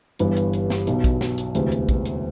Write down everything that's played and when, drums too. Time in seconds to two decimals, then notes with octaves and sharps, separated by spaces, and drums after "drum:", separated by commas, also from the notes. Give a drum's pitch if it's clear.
0.19 G1 G2 E3 G3 B4, drum: hi-hat
0.37 drum: hi-hat
0.53 drum: hi-hat
0.70 drum: snare
0.87 B1 B2 F#3, drum: hi-hat
1.04 drum: kick, hi-hat
1.21 drum: snare
1.38 drum: hi-hat
1.55 E1 D2 C3 E3, drum: hi-hat
1.72 drum: hi-hat
1.89 drum: kick, hi-hat
2.06 drum: hi-hat